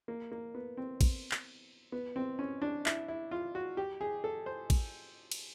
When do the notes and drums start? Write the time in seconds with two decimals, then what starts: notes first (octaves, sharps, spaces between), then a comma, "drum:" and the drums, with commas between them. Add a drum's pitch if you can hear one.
0.08 A#3
0.32 A#3
0.55 B3
0.77 C4
1.01 drum: kick, cymbal
1.31 drum: clap
1.92 B3
2.16 C4
2.39 C#4
2.62 D4
2.86 E4, drum: clap
3.08 E4
3.31 F4
3.55 F#4
3.77 G4
4.01 G#4
4.24 A4
4.46 C5
4.70 drum: kick, cymbal
5.32 drum: cymbal